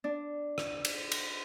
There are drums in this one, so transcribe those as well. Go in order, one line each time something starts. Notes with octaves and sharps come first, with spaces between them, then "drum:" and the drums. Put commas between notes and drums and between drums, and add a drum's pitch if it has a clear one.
D4
drum: rim click
drum: cymbal
drum: cymbal